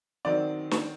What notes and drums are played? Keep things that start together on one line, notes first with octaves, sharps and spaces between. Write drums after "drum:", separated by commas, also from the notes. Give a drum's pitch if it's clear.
D#3 F#3 C4 D5
drum: snare